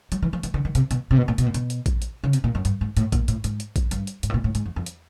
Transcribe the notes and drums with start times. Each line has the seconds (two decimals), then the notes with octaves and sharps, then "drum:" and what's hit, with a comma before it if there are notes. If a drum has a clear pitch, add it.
0.12 F#3, drum: hi-hat
0.22 E3
0.33 F3
0.43 E3, drum: hi-hat
0.54 D3
0.65 D#3
0.75 C3, drum: hi-hat
0.91 B2, drum: hi-hat
1.11 C3
1.17 B2
1.28 A#2
1.38 B2, drum: hi-hat
1.46 A#2
1.54 B2, drum: hi-hat
1.70 drum: hi-hat
1.86 drum: kick, hi-hat
2.02 drum: hi-hat
2.24 C#3
2.33 C3, drum: hi-hat
2.44 A#2
2.55 F#2
2.65 G2, drum: hi-hat
2.81 G#2
2.97 A2, drum: hi-hat
3.12 A#2, drum: kick, hi-hat
3.28 A2, drum: hi-hat
3.44 G#2, drum: hi-hat
3.60 drum: hi-hat
3.76 drum: kick, hi-hat
3.91 G2, drum: hi-hat
4.07 drum: hi-hat
4.23 G#2, drum: hi-hat
4.30 A2
4.34 A#2
4.44 A2
4.55 G#2, drum: hi-hat
4.65 F2
4.76 F2
4.86 drum: hi-hat